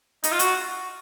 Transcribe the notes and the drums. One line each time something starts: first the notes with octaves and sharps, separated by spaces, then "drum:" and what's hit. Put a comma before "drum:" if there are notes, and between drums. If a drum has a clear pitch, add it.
D#4, drum: hi-hat
F4
F#4, drum: hi-hat